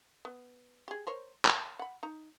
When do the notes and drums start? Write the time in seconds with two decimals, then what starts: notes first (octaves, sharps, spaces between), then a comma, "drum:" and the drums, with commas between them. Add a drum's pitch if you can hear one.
0.25 B3
0.88 G4 G#4
1.07 A#4 C5 C#5
1.45 A#4, drum: clap
1.79 F#5 B5
2.03 D#4 A#5